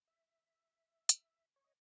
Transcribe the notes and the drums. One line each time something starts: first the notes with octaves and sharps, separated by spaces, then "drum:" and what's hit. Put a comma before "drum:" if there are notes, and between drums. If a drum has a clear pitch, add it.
E5
drum: hi-hat
C#5
D#5